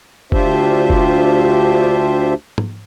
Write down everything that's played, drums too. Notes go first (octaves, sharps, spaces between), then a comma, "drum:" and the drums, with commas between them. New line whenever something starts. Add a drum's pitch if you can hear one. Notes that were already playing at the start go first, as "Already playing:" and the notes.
D2 D4 F4 G4 C5 E5, drum: kick
drum: kick
drum: tom